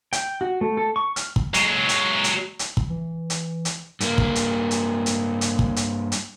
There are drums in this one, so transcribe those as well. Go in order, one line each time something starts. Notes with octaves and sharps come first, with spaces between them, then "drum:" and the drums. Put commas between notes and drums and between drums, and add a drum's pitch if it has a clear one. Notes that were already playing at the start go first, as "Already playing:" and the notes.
G5, drum: hi-hat
F#4
A3
A4
C#6
F6, drum: hi-hat
drum: kick
F#3 G#3, drum: hi-hat
drum: hi-hat
drum: hi-hat
drum: hi-hat
drum: kick
E3
drum: hi-hat
drum: hi-hat
G2 A#3, drum: hi-hat
drum: kick
drum: hi-hat
drum: hi-hat
drum: hi-hat
drum: hi-hat
drum: kick
drum: hi-hat
drum: hi-hat